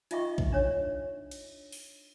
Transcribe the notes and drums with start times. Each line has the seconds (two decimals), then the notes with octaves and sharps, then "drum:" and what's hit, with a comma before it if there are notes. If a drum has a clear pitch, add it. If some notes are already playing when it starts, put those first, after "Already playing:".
0.11 D#4 F4 D#5 E5 G5 C#6, drum: hi-hat
0.38 drum: kick A#1
0.52 D4 C#5
1.31 drum: cymbal
1.72 drum: open hi-hat